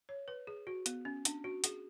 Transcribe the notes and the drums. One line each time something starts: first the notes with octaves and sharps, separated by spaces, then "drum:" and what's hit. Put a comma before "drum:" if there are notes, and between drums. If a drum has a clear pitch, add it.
C#5
B4
G#4
F#4
B3, drum: hi-hat
C#4
D4, drum: hi-hat
F#4
G#4, drum: hi-hat